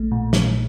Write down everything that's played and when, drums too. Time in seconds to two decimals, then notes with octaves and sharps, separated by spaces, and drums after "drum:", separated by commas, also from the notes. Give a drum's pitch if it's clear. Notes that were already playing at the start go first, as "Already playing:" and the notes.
Already playing: A#1 A3
0.12 A#2
0.33 drum: snare